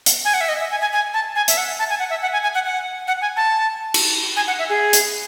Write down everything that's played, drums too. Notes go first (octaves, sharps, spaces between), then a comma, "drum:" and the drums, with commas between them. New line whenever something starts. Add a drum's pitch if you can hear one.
drum: hi-hat
G#5
F#5
E5
D#5
E5
G#5
G#5
G#5
A5
G#5
E5, drum: hi-hat
F#5
A5
G#5
F#5
E5
F#5
G#5
G#5
F#5
F#5
F#5
G#5
A5
drum: cymbal
G#5
F#5
E5
G#4
drum: hi-hat